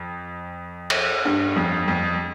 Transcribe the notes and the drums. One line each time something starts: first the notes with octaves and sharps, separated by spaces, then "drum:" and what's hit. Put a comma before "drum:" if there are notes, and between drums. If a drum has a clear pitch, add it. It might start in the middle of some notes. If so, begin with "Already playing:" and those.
Already playing: F2
drum: cymbal
G2
F2
F2